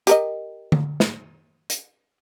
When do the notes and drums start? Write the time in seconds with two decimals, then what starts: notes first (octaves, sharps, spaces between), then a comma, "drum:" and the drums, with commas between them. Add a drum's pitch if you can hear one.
0.07 G4 A#4 D#5, drum: hi-hat
0.72 drum: tom D3
1.00 drum: snare
1.70 drum: hi-hat